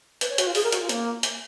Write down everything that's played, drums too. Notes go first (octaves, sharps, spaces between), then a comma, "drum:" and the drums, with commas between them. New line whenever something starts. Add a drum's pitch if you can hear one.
B4, drum: hi-hat
C#5
F#4, drum: hi-hat
F4
G#4, drum: open hi-hat
A#4
F#4, drum: hi-hat
F4
A#3, drum: hi-hat
drum: hi-hat